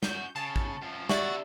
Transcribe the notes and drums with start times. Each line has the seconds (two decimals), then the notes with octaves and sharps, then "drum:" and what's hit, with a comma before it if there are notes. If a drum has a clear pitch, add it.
0.03 F#2 F#4 G6, drum: snare
0.36 C#3 A5
0.56 drum: kick A1
0.83 F#2 F3
1.09 D4 E4 F#4 G4 D5 E5 C#6 A6, drum: snare